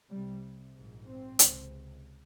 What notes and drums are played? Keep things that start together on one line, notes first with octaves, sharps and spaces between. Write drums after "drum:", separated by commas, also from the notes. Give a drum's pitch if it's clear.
C2 C3 G3
A#1 G#2
C4
C#2 C3, drum: hi-hat